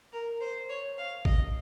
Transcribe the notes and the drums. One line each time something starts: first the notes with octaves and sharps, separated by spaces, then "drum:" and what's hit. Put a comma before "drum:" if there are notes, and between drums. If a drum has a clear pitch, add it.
A#4
C5
C#5
F5
D#5, drum: kick G#1